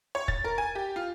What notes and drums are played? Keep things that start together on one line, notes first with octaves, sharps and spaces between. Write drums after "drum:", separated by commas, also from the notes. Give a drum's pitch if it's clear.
C#5
A6, drum: kick
A#4
G#5
G4
F4